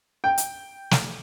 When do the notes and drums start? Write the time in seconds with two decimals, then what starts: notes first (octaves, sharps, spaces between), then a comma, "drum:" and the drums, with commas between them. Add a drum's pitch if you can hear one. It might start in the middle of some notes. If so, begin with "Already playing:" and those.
0.24 G5
0.38 drum: hi-hat
0.91 drum: snare